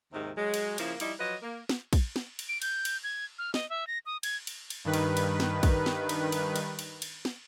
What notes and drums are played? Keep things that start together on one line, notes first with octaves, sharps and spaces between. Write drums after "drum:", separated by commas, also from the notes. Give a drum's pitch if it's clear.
D#2 G#2 C3 D#3
F#3 G#3
drum: cymbal
C#3 F3 A#3 E4, drum: cymbal
F3 G3 D#4 E4, drum: cymbal
F3 F#3 B4 D#5
A#3
drum: snare
drum: kick, cymbal
drum: snare
drum: cymbal
D7
G6, drum: cymbal
drum: cymbal
G#6
F6
D#5, drum: snare
E5
A#6
D#6
G#6, drum: cymbal
drum: cymbal
drum: cymbal
G2 D#3 B4
drum: cymbal
drum: cymbal
drum: snare
drum: kick, cymbal
drum: snare
drum: cymbal
drum: cymbal
drum: cymbal
drum: cymbal
drum: cymbal
drum: snare